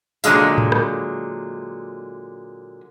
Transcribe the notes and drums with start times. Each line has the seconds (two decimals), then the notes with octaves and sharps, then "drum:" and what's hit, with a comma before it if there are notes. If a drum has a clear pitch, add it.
0.24 A#2 D3 F#3 G#3 F5, drum: tambourine
0.58 drum: tom A2
0.72 drum: rim click